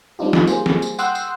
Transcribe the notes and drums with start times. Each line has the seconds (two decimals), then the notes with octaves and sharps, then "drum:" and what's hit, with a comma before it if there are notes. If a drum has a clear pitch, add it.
0.19 G3 C4 D4 D#4 F4 G4
0.33 drum: snare
0.47 G3 A#3 G#4 C5, drum: tambourine
0.66 drum: snare
0.82 drum: tambourine
0.99 F#5 G5 C6 D#6 E6 F#6, drum: tambourine
1.15 drum: tambourine